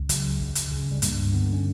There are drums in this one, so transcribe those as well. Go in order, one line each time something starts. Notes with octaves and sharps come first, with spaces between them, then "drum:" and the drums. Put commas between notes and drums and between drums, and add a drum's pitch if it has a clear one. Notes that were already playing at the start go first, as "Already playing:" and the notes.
Already playing: C#2
C#3 F#3, drum: hi-hat
C#2
drum: hi-hat
C#3
G3
G2 A#3, drum: hi-hat
D3 B3
C#4